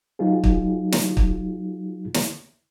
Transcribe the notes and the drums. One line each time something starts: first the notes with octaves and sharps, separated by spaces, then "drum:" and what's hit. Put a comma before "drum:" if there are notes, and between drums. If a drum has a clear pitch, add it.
F#3 D#4 F4 F#4 G#4
drum: kick
drum: snare
drum: kick
drum: snare